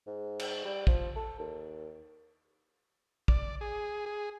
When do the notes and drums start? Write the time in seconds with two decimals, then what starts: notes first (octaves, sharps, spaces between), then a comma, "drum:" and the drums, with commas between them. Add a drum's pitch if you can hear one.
0.07 G#2
0.39 drum: cymbal
0.65 G3
0.87 F3, drum: kick
1.16 A4
1.39 D#2
3.28 D5, drum: kick
3.61 G#4
4.06 G#4